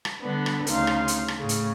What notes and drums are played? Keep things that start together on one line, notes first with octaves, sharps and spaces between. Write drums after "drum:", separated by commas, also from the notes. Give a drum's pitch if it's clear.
drum: rim click
D3 G3 B3 D4 A4
drum: rim click
D2 C#3 D#4 F5 C6, drum: hi-hat
drum: rim click
drum: hi-hat
drum: rim click
A2 C#3
drum: hi-hat